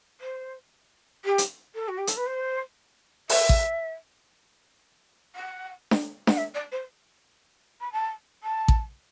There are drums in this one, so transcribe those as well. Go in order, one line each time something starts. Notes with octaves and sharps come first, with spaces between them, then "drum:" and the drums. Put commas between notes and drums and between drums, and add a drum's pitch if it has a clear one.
C5
G4
drum: hi-hat
A4
F#4
G4
A4, drum: hi-hat
B4
C5
E5, drum: open hi-hat
drum: kick A1
F#5
drum: snare D4
F#5, drum: snare D4
E5
D5
C5
B5
A5
A5
drum: kick A1